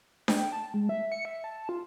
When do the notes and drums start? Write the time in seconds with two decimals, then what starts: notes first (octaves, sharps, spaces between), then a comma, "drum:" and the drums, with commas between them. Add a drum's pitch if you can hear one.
0.28 G5, drum: snare D4
0.52 A5
0.74 G#3
0.89 E5
1.12 C#7
1.25 E5
1.44 A5
1.69 F4